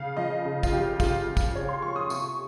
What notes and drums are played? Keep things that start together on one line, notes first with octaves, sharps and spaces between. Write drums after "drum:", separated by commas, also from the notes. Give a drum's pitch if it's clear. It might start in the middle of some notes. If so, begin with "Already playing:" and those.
Already playing: C#3 F5
F3 D#5
C#3
F4, drum: kick, tambourine
F3 G4
C#3 F4, drum: kick, tambourine
F3 F4
drum: kick, tambourine
C#3 C#5
C6
F3 C#6
D#6
C3 C#6, drum: tambourine